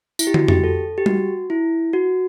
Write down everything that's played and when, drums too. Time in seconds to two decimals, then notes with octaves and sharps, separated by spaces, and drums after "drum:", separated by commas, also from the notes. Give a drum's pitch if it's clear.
0.19 E4, drum: tambourine
0.27 G4
0.34 F#4, drum: tom
0.48 G4, drum: tom F2
0.64 A4
0.98 G4
1.06 F#4, drum: tom G3
1.50 E4
1.93 F#4